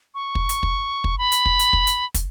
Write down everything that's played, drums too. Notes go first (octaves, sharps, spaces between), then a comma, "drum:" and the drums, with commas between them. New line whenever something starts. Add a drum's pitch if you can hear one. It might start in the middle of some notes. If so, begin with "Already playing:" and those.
C#6
drum: kick
drum: hi-hat
drum: kick
drum: kick
B5
drum: hi-hat
drum: kick
drum: hi-hat
drum: kick
drum: hi-hat
drum: kick, hi-hat